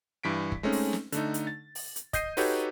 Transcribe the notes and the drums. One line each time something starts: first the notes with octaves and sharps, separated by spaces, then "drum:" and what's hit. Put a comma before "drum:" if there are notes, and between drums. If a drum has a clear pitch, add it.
G2 E3 B6 D7
drum: kick
G#3 A3 C4 C#4 D#4
drum: open hi-hat
drum: snare
D3 A3 D#4, drum: hi-hat
drum: hi-hat
A6
drum: open hi-hat
drum: hi-hat
D#5 G6 C7 D#7, drum: kick, hi-hat
D#4 F#4 G4 A4 B4 C#5, drum: open hi-hat